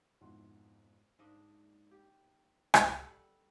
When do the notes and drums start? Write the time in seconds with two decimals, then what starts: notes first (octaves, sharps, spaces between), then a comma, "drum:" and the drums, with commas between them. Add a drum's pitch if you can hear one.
0.21 F2 G#2 B2 E4 F#5 C6
1.19 G#2 A#3 D4 D#5
1.91 G4
2.74 drum: rim click
2.98 G3 A4 F#5